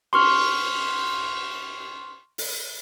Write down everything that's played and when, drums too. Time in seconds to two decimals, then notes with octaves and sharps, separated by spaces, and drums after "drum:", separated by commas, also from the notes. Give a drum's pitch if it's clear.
0.13 C6 C#6 F6, drum: cymbal
2.38 drum: open hi-hat